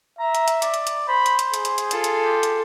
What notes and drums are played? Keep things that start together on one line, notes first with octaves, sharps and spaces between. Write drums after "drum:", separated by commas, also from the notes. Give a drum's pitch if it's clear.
E5 A#5
drum: hi-hat
drum: hi-hat
D5, drum: hi-hat
drum: hi-hat
drum: hi-hat
C5 B5
drum: hi-hat
drum: hi-hat
G#4, drum: hi-hat
drum: hi-hat
drum: hi-hat
F4 A4, drum: hi-hat
drum: hi-hat
G4
drum: hi-hat